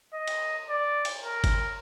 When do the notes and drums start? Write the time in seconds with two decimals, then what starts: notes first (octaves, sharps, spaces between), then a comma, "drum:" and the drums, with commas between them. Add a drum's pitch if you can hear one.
0.14 D#5
0.28 drum: cymbal
0.69 D5
1.05 drum: cymbal
1.24 A#4
1.44 drum: kick G1, cymbal